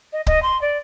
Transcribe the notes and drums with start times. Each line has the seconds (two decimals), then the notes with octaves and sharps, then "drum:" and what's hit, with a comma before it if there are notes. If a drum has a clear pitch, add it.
0.13 D#5
0.27 D#5, drum: kick C#1
0.43 C6
0.61 D5